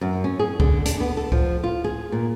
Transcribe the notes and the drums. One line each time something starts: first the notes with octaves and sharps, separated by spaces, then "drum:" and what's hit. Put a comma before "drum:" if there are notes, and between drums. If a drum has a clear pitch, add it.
F#2
C#4
G#4
D3, drum: kick C#2
D4, drum: hi-hat
B3
A4
F3, drum: kick C#2
F4
G#4
A#2